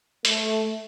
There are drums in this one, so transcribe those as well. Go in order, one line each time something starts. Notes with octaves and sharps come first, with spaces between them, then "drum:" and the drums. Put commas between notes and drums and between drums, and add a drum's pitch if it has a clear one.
A3, drum: hi-hat